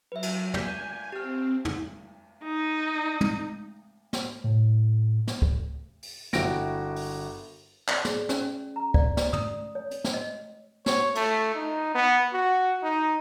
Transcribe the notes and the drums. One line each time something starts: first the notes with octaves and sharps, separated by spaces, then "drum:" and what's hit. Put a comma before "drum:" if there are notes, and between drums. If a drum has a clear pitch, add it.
F#3 B4 E5
drum: cymbal
D5 G#5 G6 B6, drum: tom
C4 G4 F6
drum: tom
D#4
drum: tom
drum: snare
A2
drum: snare
drum: kick
drum: open hi-hat
G1 E4 F#4 G5 A#6 D7, drum: snare
drum: open hi-hat
D5, drum: clap
G#4, drum: snare
C#4, drum: snare
A#5
D5, drum: kick
D5, drum: snare
D#6, drum: tom
C#5
drum: hi-hat
drum: snare
D#5
C#5, drum: snare
A3, drum: cymbal
D#4
B3
F#4
D#4